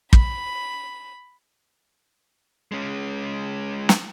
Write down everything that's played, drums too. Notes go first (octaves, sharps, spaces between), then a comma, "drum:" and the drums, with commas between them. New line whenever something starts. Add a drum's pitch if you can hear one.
B5, drum: kick
G#3 C#4
drum: snare